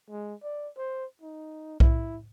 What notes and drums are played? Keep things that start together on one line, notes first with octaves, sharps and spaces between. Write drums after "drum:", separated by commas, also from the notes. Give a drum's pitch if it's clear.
G#3
D5
C5
D#4
E4, drum: kick B1